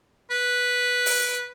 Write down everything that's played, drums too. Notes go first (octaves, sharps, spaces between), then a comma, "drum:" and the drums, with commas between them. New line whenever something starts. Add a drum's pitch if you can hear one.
B4
drum: open hi-hat